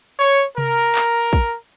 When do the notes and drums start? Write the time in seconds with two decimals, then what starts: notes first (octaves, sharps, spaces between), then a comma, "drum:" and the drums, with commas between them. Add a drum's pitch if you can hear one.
0.19 C#5
0.58 A#4, drum: tom C3
0.95 drum: clap
1.33 drum: kick